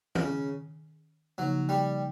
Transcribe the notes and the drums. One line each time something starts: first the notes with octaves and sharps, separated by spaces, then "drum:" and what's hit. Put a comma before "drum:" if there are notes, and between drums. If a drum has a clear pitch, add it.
C#3, drum: tom D#3
C#3 F3 F#3 A#3 D#4
G3